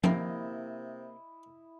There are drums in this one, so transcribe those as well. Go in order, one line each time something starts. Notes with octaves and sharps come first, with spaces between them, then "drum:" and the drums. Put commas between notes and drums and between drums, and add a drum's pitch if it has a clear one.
C3 A#3 E4 A#4 D#5 E5 G5, drum: tom F3